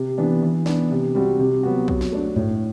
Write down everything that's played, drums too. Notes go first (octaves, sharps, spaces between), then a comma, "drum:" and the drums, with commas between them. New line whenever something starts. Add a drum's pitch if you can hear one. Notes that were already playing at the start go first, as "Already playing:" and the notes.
Already playing: C3
E3 B3 D4
E3
B3 D4, drum: snare
C3
G3 C4 F#4
C3
F#3 B3 F#4
F#3, drum: kick
drum: snare
A3 D4
A2, drum: tom G2